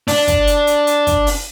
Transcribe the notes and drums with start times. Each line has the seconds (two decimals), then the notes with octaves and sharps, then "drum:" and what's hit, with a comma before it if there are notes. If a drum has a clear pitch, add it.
0.08 D4, drum: open hi-hat
0.27 drum: kick, hi-hat
0.47 drum: hi-hat
0.67 drum: hi-hat
0.87 drum: hi-hat
1.07 drum: kick, hi-hat
1.27 drum: open hi-hat